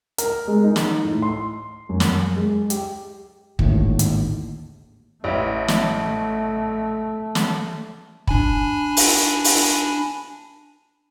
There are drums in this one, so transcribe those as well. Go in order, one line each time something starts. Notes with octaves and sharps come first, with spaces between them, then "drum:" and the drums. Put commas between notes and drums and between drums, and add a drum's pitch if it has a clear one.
A#4, drum: hi-hat
G#3
D#4
drum: snare
A2
C6
F#2
drum: snare
G#3
G4, drum: hi-hat
G#1 D#2 A2 D3, drum: kick
drum: hi-hat
A1 A3 E5
drum: snare
drum: snare
D4 G#5 B5, drum: kick
drum: open hi-hat
drum: open hi-hat